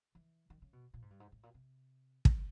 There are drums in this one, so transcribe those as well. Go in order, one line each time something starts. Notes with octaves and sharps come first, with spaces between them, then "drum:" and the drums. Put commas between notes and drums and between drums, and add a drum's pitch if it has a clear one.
E3
D#3
C#3
B2
A#2
G#2
G2
G#2
A2
A#2
C3
drum: kick